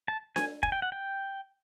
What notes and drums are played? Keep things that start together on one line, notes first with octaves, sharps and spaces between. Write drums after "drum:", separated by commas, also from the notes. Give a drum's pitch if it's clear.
A5
G#5, drum: snare D4
G#5, drum: kick
G5
F#5
G5